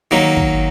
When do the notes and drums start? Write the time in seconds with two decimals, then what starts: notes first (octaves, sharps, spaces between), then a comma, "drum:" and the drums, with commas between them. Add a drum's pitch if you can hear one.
0.11 D#3 F#3 A#3
0.36 drum: kick